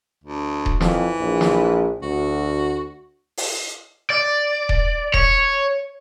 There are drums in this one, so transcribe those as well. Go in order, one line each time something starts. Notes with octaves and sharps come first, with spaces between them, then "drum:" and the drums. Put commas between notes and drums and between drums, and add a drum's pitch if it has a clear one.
D2
drum: kick D#1
F2 E3, drum: snare
A#1
drum: snare
D2 F#4
drum: open hi-hat
D5
drum: kick D#1
C#5, drum: kick D#1